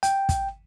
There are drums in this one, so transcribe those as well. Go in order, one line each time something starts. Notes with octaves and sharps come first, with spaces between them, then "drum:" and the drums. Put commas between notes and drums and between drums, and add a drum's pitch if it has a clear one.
G5, drum: hi-hat
drum: kick, hi-hat